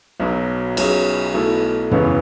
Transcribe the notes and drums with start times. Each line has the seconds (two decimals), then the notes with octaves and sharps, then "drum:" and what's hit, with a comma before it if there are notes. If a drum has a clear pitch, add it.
0.20 B1 B2 F#3
0.77 B1 B2 F#3 C#4 G#4, drum: cymbal
1.34 B1 B2 A3 E4
1.91 E1 E2 C#3 E3 B3, drum: tom